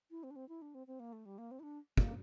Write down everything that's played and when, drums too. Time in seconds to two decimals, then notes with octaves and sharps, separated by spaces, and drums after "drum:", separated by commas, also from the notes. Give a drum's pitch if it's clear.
0.11 E4
0.23 C4
0.31 D4
0.36 C4
0.49 E4
0.62 D4
0.75 C4
0.87 C4
1.00 A#3
1.13 A3
1.26 G3
1.38 A#3
1.51 C4
1.60 E4
1.63 D4
1.97 A#3, drum: kick